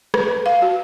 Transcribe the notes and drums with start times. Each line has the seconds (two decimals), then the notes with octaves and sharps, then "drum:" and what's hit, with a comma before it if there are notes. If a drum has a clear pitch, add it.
0.14 B4, drum: rim click
0.46 F5
0.62 F#4